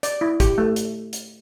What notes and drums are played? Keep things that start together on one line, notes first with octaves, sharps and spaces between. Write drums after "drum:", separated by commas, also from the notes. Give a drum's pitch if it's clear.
D5, drum: hi-hat
E4
G4, drum: kick, hi-hat
A3
drum: hi-hat
drum: hi-hat